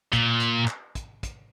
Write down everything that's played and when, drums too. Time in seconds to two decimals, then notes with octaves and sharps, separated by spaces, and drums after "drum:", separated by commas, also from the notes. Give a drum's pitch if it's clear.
0.13 A#2, drum: kick, hi-hat
0.40 drum: hi-hat
0.68 drum: clap
0.95 drum: kick, hi-hat
1.23 drum: kick, hi-hat